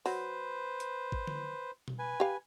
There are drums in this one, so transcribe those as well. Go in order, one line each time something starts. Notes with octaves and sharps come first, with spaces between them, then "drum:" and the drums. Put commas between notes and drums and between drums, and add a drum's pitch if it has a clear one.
F#3 B4 C5, drum: open hi-hat
drum: hi-hat
drum: kick G#1
drum: tom D3
drum: tom B2
B4 G#5
G4 F5